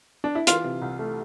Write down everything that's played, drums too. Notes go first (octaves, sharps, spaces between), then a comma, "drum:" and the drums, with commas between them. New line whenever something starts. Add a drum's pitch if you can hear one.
D4
E4
E3 F4, drum: hi-hat
C3
C2
A3